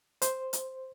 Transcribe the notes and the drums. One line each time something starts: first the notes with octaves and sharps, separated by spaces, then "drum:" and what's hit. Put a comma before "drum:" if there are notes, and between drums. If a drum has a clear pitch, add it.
C5, drum: hi-hat
drum: hi-hat